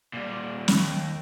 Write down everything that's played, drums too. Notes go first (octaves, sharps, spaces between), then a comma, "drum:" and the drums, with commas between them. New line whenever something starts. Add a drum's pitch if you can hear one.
A#2 G3
D#2, drum: snare